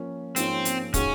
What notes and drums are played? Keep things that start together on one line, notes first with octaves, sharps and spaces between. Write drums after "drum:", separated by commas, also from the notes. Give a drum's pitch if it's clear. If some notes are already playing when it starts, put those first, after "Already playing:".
Already playing: F3 A#3 C#4
G#2 F3 A#3 C4 C#4, drum: hi-hat
drum: hi-hat
C#3 G#3 C#4 D#4 F#4, drum: kick, hi-hat